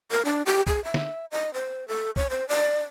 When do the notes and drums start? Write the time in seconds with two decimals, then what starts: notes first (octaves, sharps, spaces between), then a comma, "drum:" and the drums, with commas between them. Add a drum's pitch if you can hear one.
0.11 A#4
0.25 D4
0.46 G4
0.67 G#4, drum: kick
0.84 E5
0.94 drum: snare
1.31 D#5
1.54 C5
1.88 A4
2.16 C#5, drum: kick
2.30 C5
2.49 D5